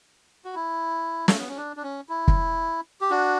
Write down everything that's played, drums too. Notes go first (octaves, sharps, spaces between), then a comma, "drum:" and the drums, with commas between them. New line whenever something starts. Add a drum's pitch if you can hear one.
F#4
E4
A3, drum: snare
B3
C#4
D4
D4
C#4
E4
drum: kick
G4
D4 F#4